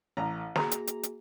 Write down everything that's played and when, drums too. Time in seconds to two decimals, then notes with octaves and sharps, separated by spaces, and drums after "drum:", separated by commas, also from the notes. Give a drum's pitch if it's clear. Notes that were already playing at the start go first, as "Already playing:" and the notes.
0.17 A1 A#5
0.56 A#3 F#4 G#4 A#5, drum: snare
0.71 drum: hi-hat
0.87 drum: hi-hat
1.03 drum: hi-hat